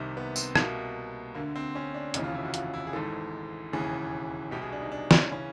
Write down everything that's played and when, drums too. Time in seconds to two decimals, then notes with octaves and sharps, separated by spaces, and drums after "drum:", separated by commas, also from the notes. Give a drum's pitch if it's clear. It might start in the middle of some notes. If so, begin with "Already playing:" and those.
Already playing: C2 C3 D#3
0.17 B3
0.36 C4, drum: tambourine
0.55 C2 B2 A#3, drum: rim click
1.35 D2 D3 A#3
1.56 C4
1.75 C#4
1.94 D4
2.14 F1 D#2 C#3 E3 D#4, drum: hi-hat
2.24 F4
2.34 E4
2.45 F#4
2.54 F4, drum: hi-hat
2.74 E4
2.87 G#4
2.93 G#1 G#2 E3 A4
3.72 E1 D#2 C#3 E3 G#4
4.51 C2 B2 G4
4.62 G#4
4.72 D4
4.82 D#4
4.92 D4
5.11 C#4, drum: snare
5.22 D4
5.31 C#3 E3 C#4